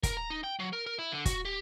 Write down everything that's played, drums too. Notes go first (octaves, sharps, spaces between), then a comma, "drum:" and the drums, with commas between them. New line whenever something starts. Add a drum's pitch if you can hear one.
A#4, drum: kick, hi-hat
A#5
D#4
G5
F#3
A#4
A#4
E4
D3
F#4, drum: kick, hi-hat
G4